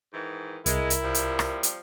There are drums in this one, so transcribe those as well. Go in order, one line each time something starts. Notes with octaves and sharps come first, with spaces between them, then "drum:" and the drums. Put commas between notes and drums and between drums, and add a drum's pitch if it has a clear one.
G#2 D#3 E3
C2 G#3 E4 A#4, drum: hi-hat
drum: hi-hat
C3 F3 G3
drum: hi-hat
drum: rim click
drum: hi-hat